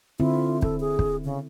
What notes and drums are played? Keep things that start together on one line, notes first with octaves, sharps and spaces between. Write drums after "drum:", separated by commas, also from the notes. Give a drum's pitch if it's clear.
D3 C4 E4 F4
A4, drum: kick
G#4
drum: kick
C#3